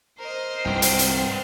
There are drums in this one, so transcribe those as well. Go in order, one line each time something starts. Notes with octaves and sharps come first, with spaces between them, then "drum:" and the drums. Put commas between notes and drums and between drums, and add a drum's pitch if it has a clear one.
A#4 C5 D#5
C2 G2 C3 B3 G5
drum: hi-hat
drum: hi-hat